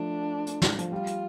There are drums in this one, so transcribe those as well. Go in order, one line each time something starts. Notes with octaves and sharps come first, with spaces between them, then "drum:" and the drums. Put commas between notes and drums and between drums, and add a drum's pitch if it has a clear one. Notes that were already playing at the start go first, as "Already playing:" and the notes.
Already playing: F3 A3 D4
drum: hi-hat
drum: snare
F3, drum: hi-hat
G3 F4
drum: hi-hat